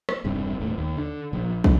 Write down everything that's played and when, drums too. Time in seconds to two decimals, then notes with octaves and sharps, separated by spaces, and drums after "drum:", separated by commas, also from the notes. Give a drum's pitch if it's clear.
0.09 drum: rim click
0.24 E1 G2 C3
0.60 D#1 A2
0.78 D#2
0.97 D3
1.33 A#1
1.64 A2 C#3, drum: kick